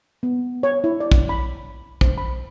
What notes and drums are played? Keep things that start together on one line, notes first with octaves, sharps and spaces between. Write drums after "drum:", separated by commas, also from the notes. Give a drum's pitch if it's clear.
B3
C#5
E4
D5
drum: kick
B5
C5, drum: kick
B5